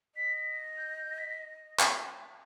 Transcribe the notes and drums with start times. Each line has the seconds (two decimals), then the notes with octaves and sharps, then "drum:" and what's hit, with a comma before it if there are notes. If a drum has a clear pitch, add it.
0.15 D#5 B6
0.36 B6
0.77 G6
0.98 G6
1.18 B6
1.80 drum: clap